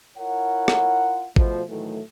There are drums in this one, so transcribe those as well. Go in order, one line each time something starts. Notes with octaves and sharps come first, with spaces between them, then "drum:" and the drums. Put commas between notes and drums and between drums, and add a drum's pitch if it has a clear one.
E4 F4 A#4 C#5 F#5
drum: rim click
B2 F3 A3, drum: kick G#1
A2 D#3 E3 F#3 A3